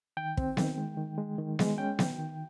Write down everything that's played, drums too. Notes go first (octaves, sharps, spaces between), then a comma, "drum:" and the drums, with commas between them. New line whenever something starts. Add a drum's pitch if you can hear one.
D#3 G5
C4, drum: kick
D#3, drum: snare B3
G#3
D#3
G#3
D#3
G#3, drum: snare B3
C#4 G5
D#3, drum: snare B3
D#3